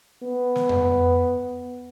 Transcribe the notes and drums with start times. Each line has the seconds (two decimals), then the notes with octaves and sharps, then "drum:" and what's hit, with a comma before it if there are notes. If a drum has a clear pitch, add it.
0.22 B3
0.56 drum: snare
0.69 drum: tom F2